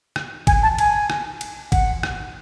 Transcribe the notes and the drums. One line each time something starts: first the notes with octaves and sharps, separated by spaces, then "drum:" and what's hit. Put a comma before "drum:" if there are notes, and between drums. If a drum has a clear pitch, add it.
drum: rim click
G#5, drum: kick, cymbal
A5
G#5, drum: cymbal
drum: rim click
drum: cymbal
F#5, drum: kick, cymbal
drum: rim click